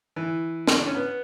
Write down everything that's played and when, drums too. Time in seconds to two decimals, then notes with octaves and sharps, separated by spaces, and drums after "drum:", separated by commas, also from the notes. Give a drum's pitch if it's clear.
0.16 E3
0.68 drum: snare
0.79 D4
0.87 C#4
0.95 B3